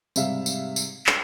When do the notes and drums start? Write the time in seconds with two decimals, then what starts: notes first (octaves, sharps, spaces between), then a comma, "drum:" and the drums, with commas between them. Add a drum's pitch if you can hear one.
0.16 G#2 C3 G3 E5 F5, drum: tambourine
0.46 drum: tambourine
0.76 drum: tambourine
1.06 drum: clap